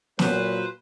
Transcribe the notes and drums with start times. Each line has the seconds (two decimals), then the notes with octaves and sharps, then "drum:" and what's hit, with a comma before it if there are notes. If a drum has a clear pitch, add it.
0.19 A#2 F#3 B4 C5, drum: snare